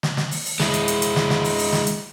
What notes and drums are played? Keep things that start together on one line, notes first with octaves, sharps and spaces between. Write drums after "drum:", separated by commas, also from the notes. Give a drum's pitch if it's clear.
drum: snare
drum: snare
drum: open hi-hat
drum: open hi-hat
G#3 E4, drum: snare
drum: hi-hat
drum: hi-hat
drum: hi-hat
drum: snare
drum: snare
drum: open hi-hat
drum: open hi-hat
drum: snare
drum: hi-hat